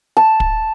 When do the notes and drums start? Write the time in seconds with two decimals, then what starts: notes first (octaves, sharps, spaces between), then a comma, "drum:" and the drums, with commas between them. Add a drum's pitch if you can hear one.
0.17 A5
0.40 drum: kick